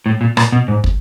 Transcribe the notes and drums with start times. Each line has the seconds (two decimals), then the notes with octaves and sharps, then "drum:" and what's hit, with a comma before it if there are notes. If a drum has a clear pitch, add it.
0.06 A2
0.21 A#2
0.37 A#2, drum: rim click
0.52 B2
0.68 G#2
0.84 drum: kick